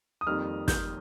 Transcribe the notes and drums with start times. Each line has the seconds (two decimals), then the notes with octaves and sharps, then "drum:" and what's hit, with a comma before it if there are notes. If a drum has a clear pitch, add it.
0.21 D#6
0.27 F2 D#3 G3 A#3 F6
0.68 G6, drum: snare